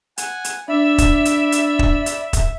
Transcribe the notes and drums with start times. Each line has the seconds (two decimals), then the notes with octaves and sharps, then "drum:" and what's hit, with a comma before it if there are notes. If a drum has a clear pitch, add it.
0.18 F#5 G#5, drum: hi-hat
0.44 drum: hi-hat
0.68 D4 D5 E5 B5
0.98 drum: kick, hi-hat
1.25 drum: hi-hat
1.52 drum: hi-hat
1.79 drum: kick
2.06 drum: hi-hat
2.33 drum: kick, hi-hat